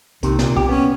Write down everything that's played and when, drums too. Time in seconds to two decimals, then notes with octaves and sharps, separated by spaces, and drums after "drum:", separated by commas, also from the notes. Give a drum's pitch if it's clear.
0.23 D#2 C3, drum: kick, hi-hat
0.39 A#2, drum: snare
0.56 G4, drum: kick
0.69 B3 C#4